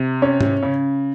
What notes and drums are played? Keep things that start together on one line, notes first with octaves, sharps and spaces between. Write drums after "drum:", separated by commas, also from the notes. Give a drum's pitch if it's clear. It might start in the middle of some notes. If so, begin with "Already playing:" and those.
Already playing: C3
C#4
drum: tom G#2
C#3